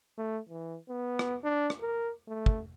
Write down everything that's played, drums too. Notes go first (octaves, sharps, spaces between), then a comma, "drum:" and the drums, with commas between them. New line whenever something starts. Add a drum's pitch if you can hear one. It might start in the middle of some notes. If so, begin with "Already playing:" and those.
A3
E3
B3
drum: rim click
D4
drum: rim click
A#4
A3
drum: kick